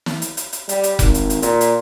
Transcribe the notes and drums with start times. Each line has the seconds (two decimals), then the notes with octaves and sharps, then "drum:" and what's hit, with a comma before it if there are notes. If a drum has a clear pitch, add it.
0.06 drum: snare
0.22 drum: hi-hat
0.37 drum: hi-hat
0.53 drum: hi-hat
0.69 G3, drum: hi-hat
0.83 drum: hi-hat
0.99 G#1, drum: kick F1, hi-hat
1.14 drum: hi-hat
1.30 drum: hi-hat
1.42 A#2, drum: hi-hat
1.61 drum: hi-hat